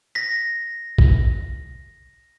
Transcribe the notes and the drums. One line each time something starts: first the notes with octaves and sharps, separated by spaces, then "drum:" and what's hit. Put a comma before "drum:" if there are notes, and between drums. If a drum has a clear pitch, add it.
A#6 B6
drum: kick